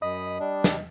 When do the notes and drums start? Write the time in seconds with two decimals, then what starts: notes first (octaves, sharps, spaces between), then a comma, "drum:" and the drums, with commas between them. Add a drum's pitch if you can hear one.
0.02 F#2 D#5 B5 D#6
0.40 G3 D4
0.64 drum: snare